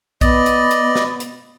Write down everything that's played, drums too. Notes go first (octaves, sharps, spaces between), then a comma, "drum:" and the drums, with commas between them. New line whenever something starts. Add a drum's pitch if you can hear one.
B3 D5 D#5, drum: kick, hi-hat
drum: hi-hat
drum: hi-hat
drum: snare
drum: hi-hat